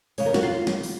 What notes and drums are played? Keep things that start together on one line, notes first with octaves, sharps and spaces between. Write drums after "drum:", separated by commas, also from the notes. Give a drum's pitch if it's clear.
F2 C#3 G#3 C#4 C#5, drum: open hi-hat
A#4
F#4, drum: snare
F4
drum: snare
drum: open hi-hat